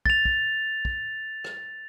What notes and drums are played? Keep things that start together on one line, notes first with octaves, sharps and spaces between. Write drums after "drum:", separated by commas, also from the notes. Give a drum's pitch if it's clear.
A6 F7, drum: kick
drum: kick
drum: kick
drum: rim click